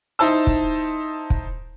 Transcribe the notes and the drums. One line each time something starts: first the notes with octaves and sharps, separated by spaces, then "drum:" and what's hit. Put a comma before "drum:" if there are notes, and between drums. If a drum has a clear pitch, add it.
D#4 E4 C5 A5 E6
drum: kick
drum: kick